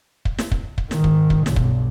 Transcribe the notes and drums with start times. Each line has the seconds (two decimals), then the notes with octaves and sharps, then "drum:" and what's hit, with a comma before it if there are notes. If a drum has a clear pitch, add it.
0.25 drum: kick
0.38 drum: snare
0.52 drum: kick
0.78 drum: kick
0.91 G#2 D#3, drum: snare
1.04 drum: kick
1.30 drum: kick
1.46 B1 G2, drum: snare
1.56 drum: kick